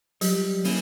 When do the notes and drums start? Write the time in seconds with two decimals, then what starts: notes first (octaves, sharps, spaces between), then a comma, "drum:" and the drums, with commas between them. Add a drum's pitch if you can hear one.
0.21 F#3 G3, drum: hi-hat
0.64 A#3 C#4 E4, drum: open hi-hat